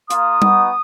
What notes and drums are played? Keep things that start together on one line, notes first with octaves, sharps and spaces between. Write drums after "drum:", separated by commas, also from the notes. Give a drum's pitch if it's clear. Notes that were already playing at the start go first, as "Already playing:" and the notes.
A#3 F4 D#6, drum: hi-hat
B3 D#4 F#4, drum: tom G3